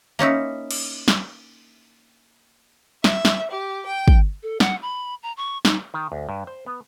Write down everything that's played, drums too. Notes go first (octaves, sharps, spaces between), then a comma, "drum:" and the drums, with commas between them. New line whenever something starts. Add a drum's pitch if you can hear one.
A#3 C#4 D#4 E4
drum: cymbal
drum: snare
E5, drum: snare
drum: snare
G4
G5
drum: kick
A4
F#5, drum: snare
B5
A#5
C#6
D#4, drum: snare
D#3
D2
G2
C5
B3